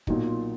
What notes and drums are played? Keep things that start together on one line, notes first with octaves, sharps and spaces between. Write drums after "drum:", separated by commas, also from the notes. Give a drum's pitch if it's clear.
B1 A#2 F#3 D#4, drum: kick
F4